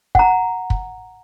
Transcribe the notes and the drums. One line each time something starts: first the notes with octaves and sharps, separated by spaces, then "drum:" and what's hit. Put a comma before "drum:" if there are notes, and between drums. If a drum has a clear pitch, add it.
F#5 A#5, drum: kick
drum: kick